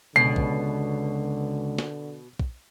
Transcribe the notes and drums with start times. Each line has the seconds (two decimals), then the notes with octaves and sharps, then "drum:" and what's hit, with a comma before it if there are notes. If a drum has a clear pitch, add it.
0.16 C#2 B2 D3 C7
0.36 drum: kick
1.79 drum: snare
2.40 drum: kick